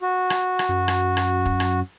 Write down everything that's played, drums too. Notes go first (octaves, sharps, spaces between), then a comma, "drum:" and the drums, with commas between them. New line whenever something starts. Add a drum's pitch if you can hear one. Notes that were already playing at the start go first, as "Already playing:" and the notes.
F#4
drum: rim click
drum: rim click
F#2
drum: rim click
drum: rim click
drum: kick
drum: rim click